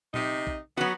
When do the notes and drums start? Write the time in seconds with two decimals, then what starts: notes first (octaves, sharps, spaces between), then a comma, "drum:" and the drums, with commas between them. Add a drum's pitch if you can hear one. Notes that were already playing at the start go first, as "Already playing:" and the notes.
0.14 C3 D#4, drum: tom A#2
0.47 drum: kick A#1
0.77 F#3 B3 F#4